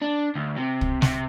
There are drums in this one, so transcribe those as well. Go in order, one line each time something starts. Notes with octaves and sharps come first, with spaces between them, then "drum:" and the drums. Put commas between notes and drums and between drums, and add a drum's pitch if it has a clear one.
D4
D2
C3
drum: kick
C3, drum: snare